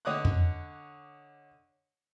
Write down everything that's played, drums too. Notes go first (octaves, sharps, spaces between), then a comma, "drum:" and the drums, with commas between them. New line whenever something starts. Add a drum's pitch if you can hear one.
D3 C#5 D#5 D6 D#6 F#6
drum: tom E2